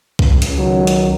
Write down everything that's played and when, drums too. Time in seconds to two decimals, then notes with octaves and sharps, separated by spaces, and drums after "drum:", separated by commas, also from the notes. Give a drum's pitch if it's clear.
0.19 C#2, drum: kick B1
0.42 drum: hi-hat
0.57 D#3 F#3
0.87 drum: hi-hat